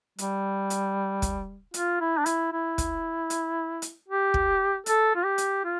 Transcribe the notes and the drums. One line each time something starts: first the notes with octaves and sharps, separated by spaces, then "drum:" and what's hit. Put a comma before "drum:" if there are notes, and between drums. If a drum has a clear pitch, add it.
G3, drum: hi-hat
drum: hi-hat
drum: kick, hi-hat
F4, drum: hi-hat
E4
D4
E4, drum: hi-hat
E4
drum: kick, hi-hat
drum: hi-hat
drum: hi-hat
G4
drum: kick
A4, drum: hi-hat
F4
G4
drum: hi-hat
F4